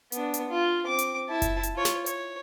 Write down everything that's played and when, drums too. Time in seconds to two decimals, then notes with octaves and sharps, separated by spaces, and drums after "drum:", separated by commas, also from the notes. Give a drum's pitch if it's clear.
0.12 B3 D4, drum: hi-hat
0.34 drum: hi-hat
0.50 F4
0.84 C4 D6
0.98 drum: hi-hat
1.29 E4 A5
1.42 drum: kick F#1, hi-hat
1.63 drum: hi-hat
1.75 F4 C#5
1.85 drum: snare
2.06 C#5, drum: hi-hat